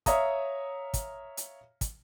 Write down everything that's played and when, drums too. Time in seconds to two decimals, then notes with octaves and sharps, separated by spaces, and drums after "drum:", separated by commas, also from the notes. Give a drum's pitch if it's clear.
0.06 C#5 E5 F5 A#5 D#6, drum: kick, hi-hat
0.94 drum: kick, hi-hat
1.37 drum: hi-hat
1.81 drum: kick, hi-hat